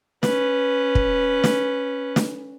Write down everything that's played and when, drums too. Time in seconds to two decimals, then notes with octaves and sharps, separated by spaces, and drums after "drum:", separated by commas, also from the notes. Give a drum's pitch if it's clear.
0.23 C#4 B4, drum: snare
0.95 drum: kick
1.44 drum: snare
2.16 drum: snare